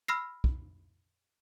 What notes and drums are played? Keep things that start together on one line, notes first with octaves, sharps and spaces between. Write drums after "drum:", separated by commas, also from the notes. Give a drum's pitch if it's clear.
B5 E6 F6 A#6 C7
drum: kick